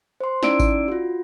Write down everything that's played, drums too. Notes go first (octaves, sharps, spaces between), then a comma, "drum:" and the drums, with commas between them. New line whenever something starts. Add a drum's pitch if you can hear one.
C5 C6
C#4 D#4 E4 D5 E6 D7, drum: snare
drum: kick G#1, tambourine
F4 F#4